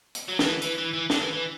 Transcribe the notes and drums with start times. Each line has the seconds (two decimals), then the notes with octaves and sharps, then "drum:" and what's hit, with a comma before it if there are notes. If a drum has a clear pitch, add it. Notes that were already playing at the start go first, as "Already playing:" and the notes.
0.15 drum: hi-hat
0.28 F#3
0.39 E3, drum: snare
0.62 E3, drum: hi-hat
0.78 E3
0.94 E3
1.10 D3, drum: snare
1.21 E3
1.33 E3